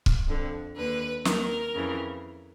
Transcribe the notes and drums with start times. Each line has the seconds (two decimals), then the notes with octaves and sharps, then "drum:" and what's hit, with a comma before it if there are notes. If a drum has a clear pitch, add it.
0.06 drum: kick
0.28 F2 D3
0.77 D#2 D3 B4
1.25 D#2 D#3 A#4, drum: snare
1.75 F2 C#3 E3